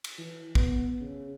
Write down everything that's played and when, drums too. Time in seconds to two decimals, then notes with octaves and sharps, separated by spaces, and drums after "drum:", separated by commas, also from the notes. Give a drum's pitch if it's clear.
0.04 drum: cymbal
0.18 E3
0.55 B3, drum: kick
1.00 C#3